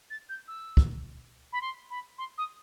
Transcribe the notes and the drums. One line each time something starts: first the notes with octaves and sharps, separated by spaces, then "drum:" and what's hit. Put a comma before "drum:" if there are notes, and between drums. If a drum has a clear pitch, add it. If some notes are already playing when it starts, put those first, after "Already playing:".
A6
G6
E6
drum: kick
B5
C6
B5
C6
D#6